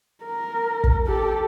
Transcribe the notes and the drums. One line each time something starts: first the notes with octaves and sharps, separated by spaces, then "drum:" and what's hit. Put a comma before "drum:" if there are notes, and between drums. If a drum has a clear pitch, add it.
A#4
drum: kick
G4 A4